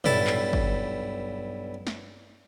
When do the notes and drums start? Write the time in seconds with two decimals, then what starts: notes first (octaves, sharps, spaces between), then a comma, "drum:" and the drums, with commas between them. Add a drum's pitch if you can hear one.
0.04 B1 G2 E4 A5, drum: tom
0.27 drum: clap
0.53 drum: kick
1.87 drum: snare